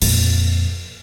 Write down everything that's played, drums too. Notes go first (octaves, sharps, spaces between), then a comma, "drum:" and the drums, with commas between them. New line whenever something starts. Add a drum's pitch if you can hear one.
F2 A#2, drum: open hi-hat